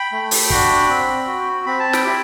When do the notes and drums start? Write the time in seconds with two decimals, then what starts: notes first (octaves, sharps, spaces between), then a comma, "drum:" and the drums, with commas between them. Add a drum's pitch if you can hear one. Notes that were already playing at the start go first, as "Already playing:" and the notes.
Already playing: G5 B5
0.12 A3
0.31 drum: open hi-hat
0.50 D4 F#4, drum: kick
0.89 C4
1.27 F#4
1.66 C4 B5
1.80 A5
1.93 G5 B5, drum: snare
2.04 E4 G4